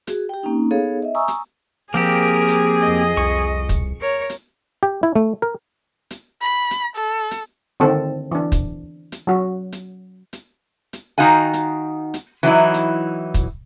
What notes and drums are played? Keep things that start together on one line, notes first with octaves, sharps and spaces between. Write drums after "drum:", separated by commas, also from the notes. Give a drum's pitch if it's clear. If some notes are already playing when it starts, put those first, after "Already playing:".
F#4 G#4, drum: hi-hat
G4 G5
A#3 C4 C#4 D#4
B3 D#4 G#4 A4 C#5 F5
D#5 E5
G#5 A#5 C#6 D#6 E6
drum: hi-hat
F3 A#3 C4 G4 G#4 A#4
drum: hi-hat
F2 D#5
C2 C#6
drum: kick, hi-hat
A#4 C#5
drum: hi-hat
G4
E4
A3
A#4
drum: hi-hat
B5
drum: hi-hat
A4
drum: hi-hat
D3 D#3 C4 A4
E3 D4
drum: kick, hi-hat
drum: hi-hat
F#3 F#4
drum: hi-hat
drum: hi-hat
drum: hi-hat
D#3 B3 D#4 F#4 F5 G#5
drum: hi-hat
drum: hi-hat
E3 F#3 D#4 E4
drum: hi-hat
drum: kick, hi-hat